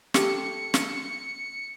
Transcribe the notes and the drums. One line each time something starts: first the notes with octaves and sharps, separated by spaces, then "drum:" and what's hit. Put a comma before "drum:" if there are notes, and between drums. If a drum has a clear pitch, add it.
G4 A4 A5 C#7, drum: snare
drum: snare